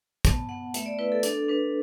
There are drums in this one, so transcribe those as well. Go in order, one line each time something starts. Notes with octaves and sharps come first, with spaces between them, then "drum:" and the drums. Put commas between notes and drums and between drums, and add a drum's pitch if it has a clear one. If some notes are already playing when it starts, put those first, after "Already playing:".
B3 A5, drum: kick, hi-hat
B3 F#5
A3 E5, drum: hi-hat
D5
E4 B4
A4
D4 A4, drum: hi-hat
D4 B4